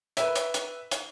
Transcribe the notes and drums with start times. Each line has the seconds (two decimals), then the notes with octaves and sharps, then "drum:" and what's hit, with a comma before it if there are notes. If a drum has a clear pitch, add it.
0.17 B4 E5, drum: hi-hat
0.36 drum: hi-hat
0.54 drum: hi-hat
0.91 drum: hi-hat